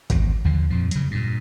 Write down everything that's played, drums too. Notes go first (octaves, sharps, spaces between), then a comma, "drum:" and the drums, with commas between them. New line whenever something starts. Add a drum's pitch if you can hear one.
G#1 E2, drum: kick, hi-hat
D#2 D3 F3
F2 A#2 F3
C#3 F#3, drum: hi-hat
G2 A#2